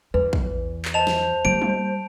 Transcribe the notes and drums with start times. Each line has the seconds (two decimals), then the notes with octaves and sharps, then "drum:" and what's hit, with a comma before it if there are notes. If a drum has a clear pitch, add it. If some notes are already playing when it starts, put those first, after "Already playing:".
0.14 E2 B4
0.33 drum: kick A#1
0.85 drum: clap
0.94 C5 D#5 A5 F7
1.07 drum: snare
1.45 G3 A#3 D7
1.61 drum: tom G3